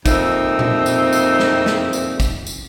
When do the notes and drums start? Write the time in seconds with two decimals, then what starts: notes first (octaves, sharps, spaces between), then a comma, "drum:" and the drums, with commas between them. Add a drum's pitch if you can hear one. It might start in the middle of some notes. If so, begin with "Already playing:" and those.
0.06 F2 A#2 C4 D#4 E5, drum: kick, tambourine
0.59 drum: tom A#2
0.86 drum: tambourine
1.13 drum: tambourine
1.39 drum: snare
1.66 drum: snare
1.93 drum: tambourine
2.20 drum: kick, tambourine
2.47 drum: tambourine